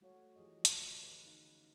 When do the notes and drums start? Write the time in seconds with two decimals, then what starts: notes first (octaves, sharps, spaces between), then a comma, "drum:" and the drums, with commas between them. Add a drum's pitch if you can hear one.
0.01 G3 A3 F#4 A4 C#5 F5
0.36 E3 F3 G4 G#4 D#5
0.65 drum: hi-hat
0.79 D3
1.03 B4
1.25 C#4 D#4 F5